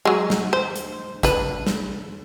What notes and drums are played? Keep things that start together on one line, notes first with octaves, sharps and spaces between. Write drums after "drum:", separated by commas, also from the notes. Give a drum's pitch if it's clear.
F#3 G#3
drum: snare
C5
drum: hi-hat
D4 B4, drum: kick A1, hi-hat
drum: snare